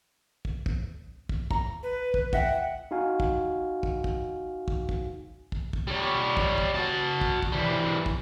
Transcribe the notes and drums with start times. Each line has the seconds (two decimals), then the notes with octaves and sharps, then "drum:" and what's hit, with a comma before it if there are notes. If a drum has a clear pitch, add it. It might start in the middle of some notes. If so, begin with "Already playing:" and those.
0.45 drum: kick
0.66 drum: kick
1.29 drum: kick
1.51 A#5, drum: kick
1.83 B4
2.14 drum: kick
2.33 D#5 E5 F#5 G5, drum: kick
2.91 D#4 F#4 F5 G#5
3.20 drum: kick
3.83 drum: kick
4.04 drum: kick
4.68 drum: kick
4.89 drum: kick
5.52 drum: kick
5.73 drum: kick
5.87 G3 C#5
6.37 drum: kick
6.58 drum: kick
6.75 F#4 A5
7.21 drum: kick
7.42 drum: kick
7.52 E3 G3
8.06 drum: kick